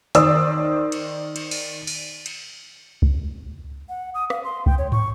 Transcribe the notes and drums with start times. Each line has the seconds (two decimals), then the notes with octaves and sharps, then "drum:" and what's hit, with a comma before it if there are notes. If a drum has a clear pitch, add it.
0.15 D#3 C5 D5 D#6 E6, drum: hi-hat
0.92 drum: cymbal
1.36 drum: cymbal
1.51 drum: cymbal
1.87 drum: cymbal
2.26 drum: cymbal
3.02 drum: kick C#2
3.89 F#5
4.14 D#6
4.30 F5, drum: rim click
4.44 C6
4.66 G5, drum: kick C#2
4.78 C#5
4.92 C#6, drum: tom